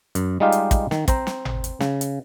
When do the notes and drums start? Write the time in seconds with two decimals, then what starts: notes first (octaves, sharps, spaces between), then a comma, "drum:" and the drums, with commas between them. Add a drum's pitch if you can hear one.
0.15 F#2, drum: hi-hat
0.40 G3 G#3 D#4 F4 G4 F5
0.52 drum: hi-hat
0.71 drum: kick, hi-hat
0.91 D#3, drum: snare
1.08 C4 C5 A#5, drum: kick, hi-hat
1.27 drum: snare
1.45 drum: tom G#1
1.64 drum: hi-hat
1.81 C#3, drum: snare
2.01 drum: hi-hat